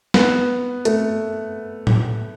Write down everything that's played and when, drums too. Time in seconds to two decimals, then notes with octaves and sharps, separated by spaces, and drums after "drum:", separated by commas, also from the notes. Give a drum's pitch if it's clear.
0.14 B3, drum: snare
0.85 A3, drum: hi-hat
1.87 drum: tom A2